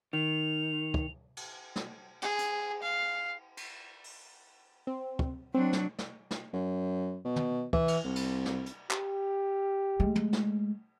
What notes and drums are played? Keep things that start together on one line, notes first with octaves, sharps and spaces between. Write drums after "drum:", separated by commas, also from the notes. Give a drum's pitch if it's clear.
D#3 F7
drum: kick
drum: cymbal
drum: snare
G#4, drum: cymbal
drum: hi-hat
F5
drum: cymbal
drum: open hi-hat
C4
drum: kick
F#3 C4 D4
drum: snare
drum: snare
drum: snare
F#2
B2
drum: tom
E3, drum: kick
drum: cymbal
C2
drum: cymbal
drum: snare
drum: hi-hat
G4, drum: clap
G#3 A3
drum: tom
drum: snare